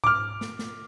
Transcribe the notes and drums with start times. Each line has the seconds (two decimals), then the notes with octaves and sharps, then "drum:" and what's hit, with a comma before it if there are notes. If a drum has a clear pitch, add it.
0.04 D6 F6, drum: tom G#2
0.41 drum: snare
0.59 drum: snare